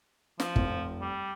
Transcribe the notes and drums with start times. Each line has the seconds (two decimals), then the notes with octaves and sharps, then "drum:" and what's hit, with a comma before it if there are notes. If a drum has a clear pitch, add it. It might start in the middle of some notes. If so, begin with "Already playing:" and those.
0.40 F3, drum: snare
0.56 F1, drum: kick
1.01 G3